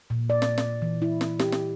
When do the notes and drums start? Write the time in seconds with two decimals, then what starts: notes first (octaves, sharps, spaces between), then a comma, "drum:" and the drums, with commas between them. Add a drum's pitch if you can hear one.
0.10 A#2
0.30 D5
0.42 drum: snare
0.58 drum: snare
0.82 E3
1.02 E4
1.21 drum: snare
1.39 G4, drum: snare
1.52 drum: snare